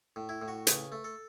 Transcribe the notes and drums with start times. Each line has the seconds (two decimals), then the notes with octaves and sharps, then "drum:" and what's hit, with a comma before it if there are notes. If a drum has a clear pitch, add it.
0.16 A2
0.29 E4
0.42 A2
0.48 F#4
0.67 C#3 B4, drum: hi-hat
0.92 A3
1.04 A4